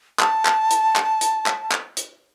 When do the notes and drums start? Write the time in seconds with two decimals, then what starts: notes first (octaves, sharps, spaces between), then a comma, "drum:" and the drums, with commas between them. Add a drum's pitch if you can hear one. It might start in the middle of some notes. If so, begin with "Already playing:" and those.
0.20 A5, drum: clap
0.45 drum: clap
0.71 drum: hi-hat
0.96 drum: clap
1.21 drum: hi-hat
1.46 drum: clap
1.72 drum: clap
1.97 drum: hi-hat